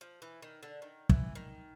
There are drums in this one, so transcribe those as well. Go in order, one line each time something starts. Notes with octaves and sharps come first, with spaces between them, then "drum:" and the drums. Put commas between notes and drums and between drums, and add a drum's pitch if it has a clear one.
F3
E3
D#3
D3
D#3
E3, drum: kick
D#3